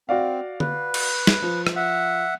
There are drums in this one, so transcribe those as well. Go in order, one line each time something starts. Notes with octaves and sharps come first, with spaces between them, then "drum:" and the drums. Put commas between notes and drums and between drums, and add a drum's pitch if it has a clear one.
C4 F#4 D5 F5
B4, drum: tom D3
drum: cymbal
drum: snare
F3
drum: rim click
E5 F#5